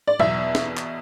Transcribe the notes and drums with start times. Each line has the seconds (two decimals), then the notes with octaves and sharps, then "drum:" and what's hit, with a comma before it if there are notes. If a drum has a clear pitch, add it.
0.08 D5
0.19 E2 B2 E5, drum: tom F#3
0.55 drum: snare
0.77 drum: clap